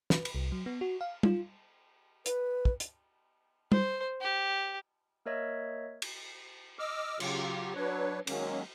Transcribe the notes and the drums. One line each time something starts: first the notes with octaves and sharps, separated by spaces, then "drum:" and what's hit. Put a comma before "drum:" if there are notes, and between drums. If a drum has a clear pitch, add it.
B4, drum: snare
drum: cymbal
C2
F#3
B3
F#4
F5
F4, drum: tom
B4, drum: hi-hat
drum: kick
drum: hi-hat
C5, drum: tom
G4
A#3 A#4 C#5 D#5 E5 G#6
drum: cymbal
D#5 D6 E6 F6
C#3 F#3 F4 G4, drum: cymbal
F#3 D4 B4 C#5
D#3 F#3 G#3 A#3 C#4, drum: cymbal